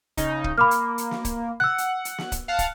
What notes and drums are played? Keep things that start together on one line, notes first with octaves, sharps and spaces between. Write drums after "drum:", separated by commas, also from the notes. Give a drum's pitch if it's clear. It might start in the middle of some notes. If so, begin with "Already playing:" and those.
C#3 D#4, drum: kick, hi-hat
drum: kick
A#3 B5 D6 F6
drum: hi-hat
drum: hi-hat
drum: snare
drum: kick, hi-hat
F#5 E6 F#6
drum: hi-hat
drum: hi-hat
drum: snare
drum: kick, hi-hat
F5 F#5 A5
drum: kick, hi-hat